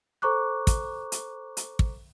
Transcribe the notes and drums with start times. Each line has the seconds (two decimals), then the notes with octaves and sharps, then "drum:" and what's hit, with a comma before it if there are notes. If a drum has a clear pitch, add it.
0.22 A4 C5 A#5 C#6 D6 F#6
0.67 drum: kick, hi-hat
1.12 drum: hi-hat
1.57 drum: hi-hat
1.79 drum: kick